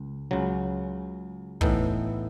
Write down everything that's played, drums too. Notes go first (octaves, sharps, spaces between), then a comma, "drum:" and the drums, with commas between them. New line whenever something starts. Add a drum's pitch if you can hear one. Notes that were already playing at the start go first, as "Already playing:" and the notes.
Already playing: C#2
C#2 C#3 F#3
A2 E3 B3 D#4 A4, drum: kick